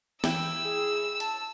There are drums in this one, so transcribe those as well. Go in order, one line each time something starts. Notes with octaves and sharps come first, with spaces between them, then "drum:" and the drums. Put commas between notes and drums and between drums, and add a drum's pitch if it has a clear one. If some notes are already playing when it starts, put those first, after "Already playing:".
E3 E4 G5 E6, drum: snare
G#4
A5, drum: hi-hat